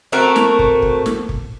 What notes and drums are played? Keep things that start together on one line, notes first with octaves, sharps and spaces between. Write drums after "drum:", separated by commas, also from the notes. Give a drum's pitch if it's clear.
A3 C4 F#4 A#4
drum: snare
drum: kick
drum: kick
drum: snare
drum: kick